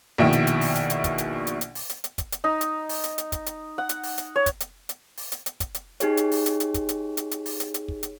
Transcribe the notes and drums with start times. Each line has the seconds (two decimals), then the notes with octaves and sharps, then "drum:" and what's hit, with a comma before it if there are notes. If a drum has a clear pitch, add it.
0.18 A#1 B2 D#3 E4 E5 G5
0.33 drum: hi-hat
0.47 drum: hi-hat
0.61 drum: open hi-hat
0.75 drum: hi-hat
0.90 drum: hi-hat
1.04 drum: kick, hi-hat
1.18 drum: hi-hat
1.47 drum: hi-hat
1.61 drum: hi-hat
1.75 drum: open hi-hat
1.90 drum: hi-hat
2.04 drum: hi-hat
2.18 drum: kick, hi-hat
2.32 drum: hi-hat
2.44 D#4
2.61 drum: hi-hat
2.89 drum: open hi-hat
3.04 drum: hi-hat
3.18 drum: hi-hat
3.32 drum: kick, hi-hat
3.46 drum: hi-hat
3.78 F#5
3.89 drum: hi-hat
4.03 drum: open hi-hat
4.18 drum: hi-hat
4.36 C#5
4.46 drum: kick, hi-hat
4.60 drum: hi-hat
4.89 drum: hi-hat
5.17 drum: open hi-hat
5.32 drum: hi-hat
5.46 drum: hi-hat
5.60 drum: kick, hi-hat
5.75 drum: hi-hat
6.00 D#4 G4 G#4 C#5, drum: hi-hat
6.17 drum: hi-hat
6.32 drum: open hi-hat
6.46 drum: hi-hat
6.60 drum: hi-hat
6.74 drum: kick, hi-hat
6.89 drum: hi-hat
7.17 drum: hi-hat
7.31 drum: hi-hat
7.46 drum: open hi-hat
7.60 drum: hi-hat
7.74 drum: hi-hat
7.88 drum: kick
8.03 drum: hi-hat